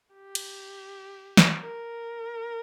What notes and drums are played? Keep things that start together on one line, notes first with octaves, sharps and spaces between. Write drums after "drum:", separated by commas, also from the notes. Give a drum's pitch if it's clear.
G4
drum: cymbal
drum: snare
A#4